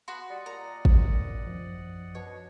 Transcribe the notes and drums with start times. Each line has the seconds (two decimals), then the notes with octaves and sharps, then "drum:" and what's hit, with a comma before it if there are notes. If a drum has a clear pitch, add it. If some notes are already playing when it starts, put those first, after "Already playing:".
0.08 B3 F#4 B5 C6
0.30 G3 D5 D#5 F#5
0.46 A#2 A#5
0.85 drum: kick G#1
1.47 F#2 F3
2.15 B2 D4 C#5